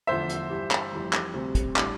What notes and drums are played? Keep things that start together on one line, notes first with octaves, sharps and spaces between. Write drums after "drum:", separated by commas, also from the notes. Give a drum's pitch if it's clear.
F1 E2 D3 F3 C5 E5
drum: hi-hat
G2 E3 G3
drum: clap
F1 F2 E3 G3
drum: clap
D2 C3 G3 C4
drum: kick, hi-hat
A2 G3 D4, drum: clap